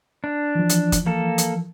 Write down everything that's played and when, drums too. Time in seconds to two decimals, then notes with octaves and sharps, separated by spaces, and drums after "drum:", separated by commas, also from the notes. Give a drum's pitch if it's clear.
0.24 D4
0.55 E3 F3
0.69 drum: hi-hat
0.92 drum: kick, hi-hat
1.06 A#3 A4
1.38 drum: hi-hat